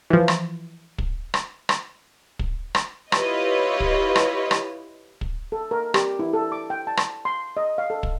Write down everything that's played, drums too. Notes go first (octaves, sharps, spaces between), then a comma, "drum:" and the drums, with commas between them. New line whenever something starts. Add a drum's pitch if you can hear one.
E3 F3
drum: rim click
drum: kick
drum: rim click
drum: rim click
drum: kick
drum: rim click
E4 F4 G4 B4 C#5 D#5, drum: rim click
drum: kick
drum: rim click
drum: rim click
drum: kick
A4
A#4
G4, drum: rim click
E4
A4
D6
G5
A5
drum: rim click
C6
D#5
F5
A4
drum: kick